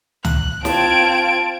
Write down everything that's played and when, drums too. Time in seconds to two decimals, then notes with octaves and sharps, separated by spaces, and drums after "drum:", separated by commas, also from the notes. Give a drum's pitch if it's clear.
0.24 F#6, drum: tom C#2
0.65 C4 F4 A5 G#6 D7, drum: snare